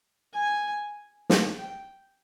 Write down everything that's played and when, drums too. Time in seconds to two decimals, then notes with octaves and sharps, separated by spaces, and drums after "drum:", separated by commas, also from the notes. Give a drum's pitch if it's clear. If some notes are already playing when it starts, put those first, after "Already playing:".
0.34 G#5
1.30 drum: snare
1.57 G5